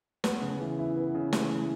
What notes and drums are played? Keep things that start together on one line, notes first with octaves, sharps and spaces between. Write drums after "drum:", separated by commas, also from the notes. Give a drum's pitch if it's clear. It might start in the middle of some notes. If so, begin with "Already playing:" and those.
B3, drum: snare
C#3
E3
E4
B3
C#3
E3, drum: snare
E4